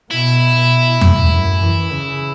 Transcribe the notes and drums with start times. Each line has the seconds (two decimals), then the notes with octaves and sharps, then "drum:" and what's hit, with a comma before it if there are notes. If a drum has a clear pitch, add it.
0.11 B2 E4
0.56 B2
1.01 A2, drum: tom E2
1.32 F#2
1.62 E3
1.92 C#3